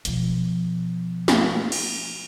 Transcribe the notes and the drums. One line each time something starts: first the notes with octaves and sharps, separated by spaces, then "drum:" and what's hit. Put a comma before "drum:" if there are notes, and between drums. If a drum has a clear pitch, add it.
B2 F3, drum: hi-hat
drum: snare
drum: cymbal